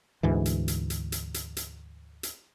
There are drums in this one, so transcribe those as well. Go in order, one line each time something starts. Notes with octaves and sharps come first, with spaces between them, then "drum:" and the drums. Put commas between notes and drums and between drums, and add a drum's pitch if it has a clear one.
D2 G#2 E3
drum: hi-hat
drum: hi-hat
drum: hi-hat
drum: hi-hat
drum: hi-hat
drum: hi-hat
drum: hi-hat